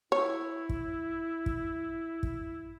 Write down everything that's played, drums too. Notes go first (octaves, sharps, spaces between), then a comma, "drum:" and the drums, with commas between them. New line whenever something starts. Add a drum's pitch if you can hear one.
E4 C#5
drum: kick
drum: kick
drum: kick